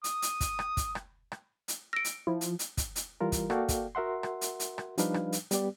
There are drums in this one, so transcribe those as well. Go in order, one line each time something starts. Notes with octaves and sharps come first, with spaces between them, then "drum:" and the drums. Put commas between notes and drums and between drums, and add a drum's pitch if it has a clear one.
D#6, drum: hi-hat
drum: hi-hat
drum: kick, hi-hat
drum: rim click
drum: kick, hi-hat
drum: rim click
drum: rim click
drum: hi-hat
E6 A#6 C#7 D7
drum: hi-hat
F3 E4
drum: hi-hat
drum: hi-hat
drum: kick, hi-hat
drum: hi-hat
E3 G3 F4 A#4
drum: kick, hi-hat
A#3 F#4 A4 D5 F5 G5, drum: rim click
drum: kick, hi-hat
F#4 A#4 E5 F#5 C6
drum: rim click
drum: hi-hat
drum: hi-hat
drum: rim click
F3 G3 D4 D#4 B4 F5, drum: hi-hat
drum: rim click
drum: hi-hat
G3 B3 G4 D5, drum: hi-hat